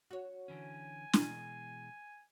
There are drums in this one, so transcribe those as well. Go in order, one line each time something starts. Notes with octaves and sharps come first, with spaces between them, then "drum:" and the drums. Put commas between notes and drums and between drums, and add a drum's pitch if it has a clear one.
F#4 C#5
D3 E3 C#4 G#5
B2 E3 G#3, drum: snare